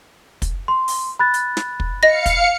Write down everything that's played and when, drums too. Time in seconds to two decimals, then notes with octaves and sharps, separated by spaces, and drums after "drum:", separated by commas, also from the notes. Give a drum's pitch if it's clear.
0.42 drum: kick, hi-hat
0.68 C6
0.88 drum: open hi-hat
1.19 B5 F#6 A6
1.34 drum: hi-hat
1.57 drum: snare
1.80 drum: kick
2.03 D#5 F5 A#6 C#7
2.26 drum: kick, hi-hat